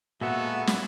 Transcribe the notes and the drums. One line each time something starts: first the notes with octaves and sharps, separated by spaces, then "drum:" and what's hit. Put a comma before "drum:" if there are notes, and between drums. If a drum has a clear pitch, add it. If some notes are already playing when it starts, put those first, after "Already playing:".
A#2 G#3 B3 F#4 A4 E5
drum: snare